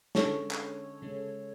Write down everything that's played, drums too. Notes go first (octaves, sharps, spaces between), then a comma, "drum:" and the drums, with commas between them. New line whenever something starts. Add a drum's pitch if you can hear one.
D3 G#3 C#4 A4 C#5, drum: snare
drum: clap
C#3 G#3 C#4